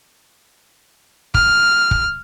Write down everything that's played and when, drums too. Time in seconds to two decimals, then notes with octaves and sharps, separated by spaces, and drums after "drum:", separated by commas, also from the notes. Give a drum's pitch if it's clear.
1.34 F6, drum: kick
1.91 drum: kick